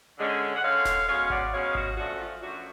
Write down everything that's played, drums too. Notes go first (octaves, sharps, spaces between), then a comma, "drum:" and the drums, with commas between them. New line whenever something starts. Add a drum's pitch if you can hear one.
D3 G#3 C#4
F#5
D3 G#3 C#4 C#5 F5
drum: snare D#1
B2 G#3 C#4 C#5 F5
D5 F#5, drum: kick G#1
B2 G#3 C#4 C#5 F5
G#4
F#4, drum: kick G#1
F#2 F3 A3 D4 F#4
F4
F#2 F3 A3 D4 F#4